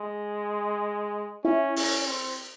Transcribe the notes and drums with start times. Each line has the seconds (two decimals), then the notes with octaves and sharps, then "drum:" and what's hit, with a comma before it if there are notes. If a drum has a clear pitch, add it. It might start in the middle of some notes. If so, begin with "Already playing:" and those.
Already playing: G#3
1.44 C#4 E4
1.76 C#4, drum: open hi-hat
2.07 C4